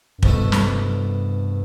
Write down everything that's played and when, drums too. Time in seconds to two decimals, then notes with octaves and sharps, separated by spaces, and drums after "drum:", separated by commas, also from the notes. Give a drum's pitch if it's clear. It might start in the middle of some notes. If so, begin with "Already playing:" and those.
0.18 F#2
0.23 C2 G2 B2 A3 E4 A4, drum: kick
0.52 drum: snare